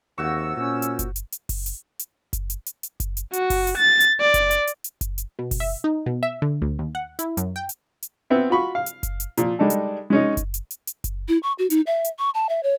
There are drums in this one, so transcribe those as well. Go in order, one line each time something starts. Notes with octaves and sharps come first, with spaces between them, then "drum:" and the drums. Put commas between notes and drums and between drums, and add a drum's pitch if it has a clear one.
D#2 C3 F#4 C#6 E6
A#2 C#4
drum: hi-hat
drum: kick F#1, hi-hat
drum: hi-hat
drum: hi-hat
drum: kick F#1, open hi-hat
drum: hi-hat
drum: hi-hat
drum: kick F#1, hi-hat
drum: hi-hat
drum: hi-hat
drum: hi-hat
drum: kick F#1, hi-hat
drum: hi-hat
F#4, drum: hi-hat
drum: kick F#1, open hi-hat
drum: hi-hat
A6
drum: hi-hat
D5
drum: kick F#1, hi-hat
drum: hi-hat
drum: hi-hat
drum: hi-hat
drum: kick F#1, hi-hat
drum: hi-hat
B2
drum: kick F#1, open hi-hat
E5
D#4
B2
E5
D3
D2
D#2
F#5
E4, drum: hi-hat
F#2, drum: hi-hat
G5
drum: hi-hat
drum: hi-hat
B3 C4 E5
F4 F#4 B5 C#6
F5
drum: hi-hat
drum: kick F#1, hi-hat
drum: hi-hat
A#2 F3, drum: hi-hat
G3 G#3 D4 D#4 A4
drum: hi-hat
G#3 C#4 D#4
drum: kick F#1, hi-hat
drum: hi-hat
drum: hi-hat
drum: hi-hat
drum: kick F#1, hi-hat
E4
C#6
F#4
D#4, drum: hi-hat
E5
drum: hi-hat
C#6
A5
E5
C#5